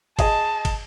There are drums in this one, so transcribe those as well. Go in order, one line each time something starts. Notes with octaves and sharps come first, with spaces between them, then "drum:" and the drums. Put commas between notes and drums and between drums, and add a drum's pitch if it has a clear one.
G#4 D#5 A5, drum: kick, cymbal
drum: kick, cymbal